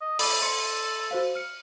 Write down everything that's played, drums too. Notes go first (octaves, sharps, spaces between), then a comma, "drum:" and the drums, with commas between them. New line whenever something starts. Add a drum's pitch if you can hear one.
D#5
A4 B5 D6 E6, drum: open hi-hat
A4 C6 C#7
F#4 C5 F5
F6 C#7